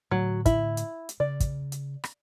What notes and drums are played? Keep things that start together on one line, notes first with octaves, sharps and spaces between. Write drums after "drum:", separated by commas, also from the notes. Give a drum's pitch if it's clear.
A2 D3 F#3 A3
E4, drum: kick, hi-hat
drum: hi-hat
drum: hi-hat
C#3 D5
drum: kick, hi-hat
drum: hi-hat
drum: rim click